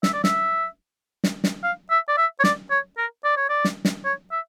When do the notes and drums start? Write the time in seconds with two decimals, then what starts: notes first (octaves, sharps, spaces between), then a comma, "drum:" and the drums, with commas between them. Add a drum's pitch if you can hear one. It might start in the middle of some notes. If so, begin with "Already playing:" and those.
0.03 E5, drum: snare
0.13 D5
0.24 E5, drum: snare
1.24 drum: snare
1.44 drum: snare
1.64 F5
1.90 E5
2.08 D5
2.17 E5
2.39 C#5
2.44 D5, drum: snare
2.70 C#5
2.98 A#4
3.24 D5
3.37 C#5
3.49 D5
3.65 drum: snare
3.85 drum: snare
4.05 C#5
4.32 E5